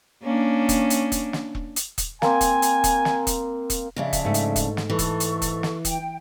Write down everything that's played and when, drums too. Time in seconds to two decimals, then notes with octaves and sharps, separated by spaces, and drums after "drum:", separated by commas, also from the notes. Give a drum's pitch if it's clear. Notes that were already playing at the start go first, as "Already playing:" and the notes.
0.23 A#3 C#4 D4
0.69 drum: kick E1, hi-hat
0.90 drum: hi-hat
1.12 drum: kick E1, hi-hat
1.33 drum: snare
1.55 drum: kick E1
1.76 drum: hi-hat
1.98 drum: kick E1, hi-hat
2.22 A#3 C4 G#5, drum: snare
2.41 drum: kick E1, hi-hat
2.62 drum: hi-hat
2.84 drum: kick E1, hi-hat
3.05 drum: snare
3.27 drum: kick E1, hi-hat
3.70 drum: kick E1, hi-hat
3.96 F2 C#3 D4 E5
4.13 drum: kick E1, hi-hat
4.25 G#2 A3
4.34 drum: hi-hat
4.56 drum: kick E1, hi-hat
4.77 drum: snare
4.90 E3 A4 C#6
4.99 drum: kick E1, hi-hat
5.20 drum: hi-hat
5.42 drum: kick E1, hi-hat
5.63 drum: snare
5.85 G5, drum: kick E1, hi-hat